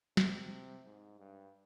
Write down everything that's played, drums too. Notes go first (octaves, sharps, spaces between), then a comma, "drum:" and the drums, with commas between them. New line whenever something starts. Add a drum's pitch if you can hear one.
C3, drum: snare
G#2
G2